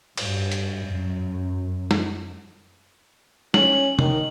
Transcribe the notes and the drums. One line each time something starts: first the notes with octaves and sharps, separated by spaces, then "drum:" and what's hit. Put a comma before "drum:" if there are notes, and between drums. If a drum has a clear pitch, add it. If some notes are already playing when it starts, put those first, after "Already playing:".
G2, drum: cymbal
drum: hi-hat
F#2
drum: snare
C#4 F#7, drum: snare
D#3, drum: tom